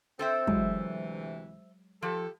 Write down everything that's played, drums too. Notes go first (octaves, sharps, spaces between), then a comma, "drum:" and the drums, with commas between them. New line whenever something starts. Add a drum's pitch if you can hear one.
C4 A4 C5 E5
D2 C3 E3 F#3 G#3, drum: kick
F3 G4 A4